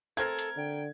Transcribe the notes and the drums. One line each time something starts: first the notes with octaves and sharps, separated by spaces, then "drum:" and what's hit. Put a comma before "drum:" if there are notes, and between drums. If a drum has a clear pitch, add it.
A3 C4 A4 A#4 G#6, drum: hi-hat
drum: hi-hat
D3 G5